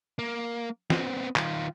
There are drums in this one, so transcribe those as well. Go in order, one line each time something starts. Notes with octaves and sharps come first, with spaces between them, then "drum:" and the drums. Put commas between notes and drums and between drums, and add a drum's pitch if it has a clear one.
A#3
B3 C4, drum: snare
D#3 F4, drum: clap